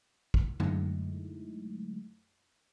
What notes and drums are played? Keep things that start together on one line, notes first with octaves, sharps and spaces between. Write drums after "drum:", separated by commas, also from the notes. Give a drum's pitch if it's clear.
drum: kick
D3 F#3 G#3 A3 D#4 E4, drum: tom F#2